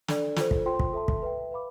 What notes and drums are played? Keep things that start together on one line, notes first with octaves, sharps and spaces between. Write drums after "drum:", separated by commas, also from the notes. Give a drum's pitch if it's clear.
D4 A4 D5, drum: snare
F4 A4 C5, drum: snare
drum: kick
F4 C5 G5 C6
drum: kick
A4 E5 A5 C6
drum: kick
B4 E5 G5
B4 F5 B5 D6